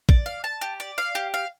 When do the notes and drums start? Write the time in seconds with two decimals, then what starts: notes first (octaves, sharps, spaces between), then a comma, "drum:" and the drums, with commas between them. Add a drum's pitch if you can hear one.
0.09 D5, drum: kick A1
0.26 F5
0.44 A5
0.61 G4
0.80 D5
0.98 F5
1.15 G4
1.34 F5